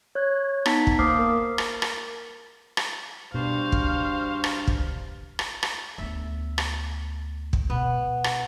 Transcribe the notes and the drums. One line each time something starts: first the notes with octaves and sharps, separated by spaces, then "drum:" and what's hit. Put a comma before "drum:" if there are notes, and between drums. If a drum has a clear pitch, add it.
C#5 F#6 G#6
B3 D#4 A5 B6, drum: rim click
drum: kick
A#3 C5 D6 D#6 F6 C7
A#4
drum: rim click
drum: rim click
drum: rim click
G2 B2 D4 F#4 C5 F5
drum: kick
drum: rim click
drum: kick
drum: rim click
drum: rim click
D2 B3 E5
drum: rim click
drum: kick
B2 B3
drum: rim click